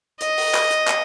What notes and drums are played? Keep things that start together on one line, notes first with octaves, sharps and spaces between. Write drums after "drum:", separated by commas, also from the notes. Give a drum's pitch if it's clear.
D#5, drum: hi-hat
drum: open hi-hat
drum: clap
drum: hi-hat
drum: clap